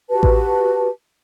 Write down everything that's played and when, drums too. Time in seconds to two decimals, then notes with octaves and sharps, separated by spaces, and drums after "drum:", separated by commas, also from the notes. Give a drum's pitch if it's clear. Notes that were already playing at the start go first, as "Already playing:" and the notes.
0.10 F#4 G4 B4 A5
0.23 drum: kick A1